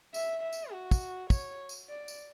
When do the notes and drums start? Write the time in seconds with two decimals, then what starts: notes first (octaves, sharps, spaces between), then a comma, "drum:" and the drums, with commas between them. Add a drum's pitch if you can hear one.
0.14 E5, drum: tambourine
0.43 E5
0.53 drum: tambourine
0.71 F#4
0.91 drum: kick, tambourine
1.30 C#5, drum: kick, tambourine
1.69 drum: tambourine
1.89 D5
2.08 drum: tambourine